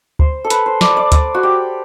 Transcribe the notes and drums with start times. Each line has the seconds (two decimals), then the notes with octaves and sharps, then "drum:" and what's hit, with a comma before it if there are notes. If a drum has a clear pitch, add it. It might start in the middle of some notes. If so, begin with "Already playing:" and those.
0.19 C5, drum: kick D2
0.44 A4
0.50 B4, drum: hi-hat
0.66 C5
0.81 D5, drum: snare
0.97 D5
1.12 D5, drum: kick D2, hi-hat
1.34 F#4
1.43 G4